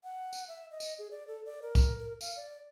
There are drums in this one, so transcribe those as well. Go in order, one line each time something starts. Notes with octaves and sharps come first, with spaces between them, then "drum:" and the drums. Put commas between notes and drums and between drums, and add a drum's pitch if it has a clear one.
F#5
drum: tambourine
E5
D#5
drum: tambourine
G#4
D5
A4
D5
A#4
drum: kick B1, tambourine
A#4
F5, drum: tambourine
D5